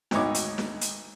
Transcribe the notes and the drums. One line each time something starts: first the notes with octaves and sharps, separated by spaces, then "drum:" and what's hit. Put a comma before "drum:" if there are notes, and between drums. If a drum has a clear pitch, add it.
G#1 D2 B3 D#4 C#5 D6, drum: snare
drum: hi-hat
drum: snare
drum: hi-hat